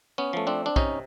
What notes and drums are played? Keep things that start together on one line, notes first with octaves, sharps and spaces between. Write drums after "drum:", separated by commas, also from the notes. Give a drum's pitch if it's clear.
B3 C#4
F3 A3
C4 D4
D4
C3 C#4 D#4, drum: kick